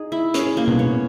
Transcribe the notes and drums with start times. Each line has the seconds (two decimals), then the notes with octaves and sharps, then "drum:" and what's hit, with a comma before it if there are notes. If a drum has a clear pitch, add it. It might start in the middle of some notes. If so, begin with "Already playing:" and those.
Already playing: D#4 G#4
0.12 E4
0.34 C#4 G#4, drum: hi-hat
0.57 A#3
0.68 B3, drum: tom B2
0.79 C#5